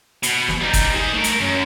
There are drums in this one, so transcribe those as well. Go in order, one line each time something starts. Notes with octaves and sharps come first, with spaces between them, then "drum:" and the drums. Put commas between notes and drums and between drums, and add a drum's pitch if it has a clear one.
B2, drum: hi-hat
drum: snare
G3 D#4
drum: kick G1, hi-hat
D#4 C5
A3 A#4
drum: hi-hat
F#2